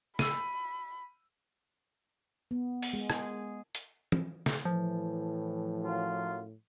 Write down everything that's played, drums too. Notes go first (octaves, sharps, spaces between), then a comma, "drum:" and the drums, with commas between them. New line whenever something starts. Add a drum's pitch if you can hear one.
B5 E6 D#7, drum: snare
B3
drum: open hi-hat
G#3
G#4, drum: rim click
drum: hi-hat
drum: tom
drum: snare
A2 E3 F3
F#2 F4